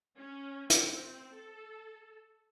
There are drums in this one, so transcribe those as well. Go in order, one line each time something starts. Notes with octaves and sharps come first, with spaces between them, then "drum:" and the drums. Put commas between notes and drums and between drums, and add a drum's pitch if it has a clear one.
C#4
C4, drum: hi-hat
A4